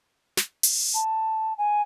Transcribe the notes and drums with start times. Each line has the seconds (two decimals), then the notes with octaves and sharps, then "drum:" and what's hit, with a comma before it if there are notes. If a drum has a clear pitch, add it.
0.37 drum: snare
0.63 drum: open hi-hat
0.94 A5
1.58 G#5